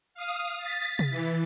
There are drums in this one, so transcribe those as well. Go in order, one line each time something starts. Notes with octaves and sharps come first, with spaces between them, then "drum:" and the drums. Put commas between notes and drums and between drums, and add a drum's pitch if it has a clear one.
F5 D#6
A6 B6
drum: tom C3
E3